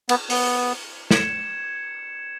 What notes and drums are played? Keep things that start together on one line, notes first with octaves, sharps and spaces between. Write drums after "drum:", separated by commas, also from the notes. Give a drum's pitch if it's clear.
B3, drum: cymbal
B3, drum: open hi-hat
G#6 C#7 E7, drum: snare